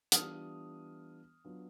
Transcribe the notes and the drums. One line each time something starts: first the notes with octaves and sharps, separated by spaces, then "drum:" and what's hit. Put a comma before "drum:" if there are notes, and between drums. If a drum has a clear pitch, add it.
E3 G3 B3 D4 F4 D#6 F6, drum: hi-hat
F#3 B3 D4 F4